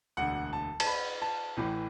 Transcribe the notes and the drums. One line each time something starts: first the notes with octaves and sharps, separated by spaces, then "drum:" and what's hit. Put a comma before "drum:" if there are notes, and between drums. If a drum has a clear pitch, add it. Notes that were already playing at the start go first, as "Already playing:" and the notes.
E1 D2 D3 F#5
A5
A5, drum: cymbal
B5
A5
A1 A2 E3